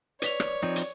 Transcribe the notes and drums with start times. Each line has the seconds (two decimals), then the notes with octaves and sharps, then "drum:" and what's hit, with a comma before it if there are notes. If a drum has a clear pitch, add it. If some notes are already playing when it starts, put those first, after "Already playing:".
0.22 B4 C#5 D5 B6 F7, drum: hi-hat
0.40 drum: rim click
0.63 F3 C4 D#4
0.76 drum: hi-hat